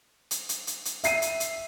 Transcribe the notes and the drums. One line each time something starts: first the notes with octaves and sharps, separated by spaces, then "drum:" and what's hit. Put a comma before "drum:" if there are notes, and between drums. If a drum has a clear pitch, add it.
drum: hi-hat
drum: hi-hat
drum: hi-hat
drum: hi-hat
E5 C7 D#7, drum: hi-hat
drum: hi-hat
drum: hi-hat